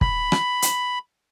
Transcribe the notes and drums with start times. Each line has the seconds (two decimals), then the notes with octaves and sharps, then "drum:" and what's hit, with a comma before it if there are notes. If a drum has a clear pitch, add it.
0.01 B5, drum: kick
0.32 drum: rim click
0.62 drum: hi-hat